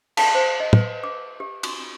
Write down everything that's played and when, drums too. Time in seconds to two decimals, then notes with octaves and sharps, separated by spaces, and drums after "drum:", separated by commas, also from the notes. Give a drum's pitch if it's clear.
0.17 A5, drum: cymbal
0.35 C5
0.60 D#5
0.73 B4, drum: tom
1.04 D6
1.40 G4
1.63 C6, drum: cymbal